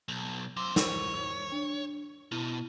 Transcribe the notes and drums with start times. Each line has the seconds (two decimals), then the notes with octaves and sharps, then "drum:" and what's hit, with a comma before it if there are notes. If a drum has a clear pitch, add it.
0.08 B1
0.57 F#2 C5 D6 E6
0.76 A#4 C5 C#5, drum: snare
1.52 D4
2.32 B2 E4 D#7